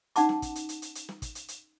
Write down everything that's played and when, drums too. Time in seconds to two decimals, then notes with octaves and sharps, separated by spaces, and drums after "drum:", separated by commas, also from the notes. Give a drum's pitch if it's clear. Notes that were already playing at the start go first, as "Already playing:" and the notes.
0.16 C#4 D#4 F#5 A5 D6, drum: hi-hat
0.29 drum: snare
0.42 drum: kick, hi-hat
0.55 drum: hi-hat
0.69 drum: hi-hat
0.82 drum: hi-hat
0.95 drum: hi-hat
1.09 drum: snare
1.22 drum: kick, hi-hat
1.35 drum: hi-hat
1.48 drum: hi-hat